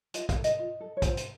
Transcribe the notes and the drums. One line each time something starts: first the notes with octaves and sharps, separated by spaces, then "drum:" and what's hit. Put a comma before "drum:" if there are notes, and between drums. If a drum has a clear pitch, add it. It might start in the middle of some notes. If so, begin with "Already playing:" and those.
F4 D#5, drum: hi-hat
F5, drum: kick, hi-hat
A4
D#5, drum: hi-hat
F4
A4
C#5
F4 C5, drum: kick, hi-hat
drum: hi-hat